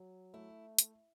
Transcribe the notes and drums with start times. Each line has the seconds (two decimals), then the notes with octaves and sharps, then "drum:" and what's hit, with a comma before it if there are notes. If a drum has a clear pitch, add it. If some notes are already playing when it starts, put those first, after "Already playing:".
Already playing: F#3
0.34 A3 E4
0.79 drum: hi-hat